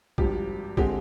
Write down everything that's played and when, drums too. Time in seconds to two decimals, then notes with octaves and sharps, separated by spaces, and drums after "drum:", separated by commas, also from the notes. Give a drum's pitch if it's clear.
0.18 G#1 G2 F3 G4, drum: kick A1
0.77 D3 G#3 C4 G4, drum: kick A1